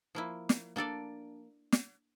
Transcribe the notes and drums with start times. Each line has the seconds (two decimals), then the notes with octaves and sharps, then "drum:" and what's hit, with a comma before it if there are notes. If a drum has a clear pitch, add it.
0.15 F3 A#3 E4
0.49 drum: snare
0.76 A#3 D4 A4 D5
1.72 drum: snare